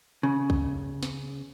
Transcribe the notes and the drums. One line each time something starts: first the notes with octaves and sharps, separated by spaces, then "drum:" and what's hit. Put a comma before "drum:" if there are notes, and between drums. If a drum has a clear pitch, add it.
C#3
drum: kick B1
drum: snare